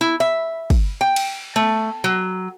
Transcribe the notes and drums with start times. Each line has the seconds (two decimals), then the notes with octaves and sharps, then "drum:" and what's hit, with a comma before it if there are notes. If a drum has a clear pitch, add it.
0.01 E4
0.20 E5
0.70 drum: kick, cymbal
1.01 G5
1.16 drum: cymbal
1.56 A3
2.04 F#3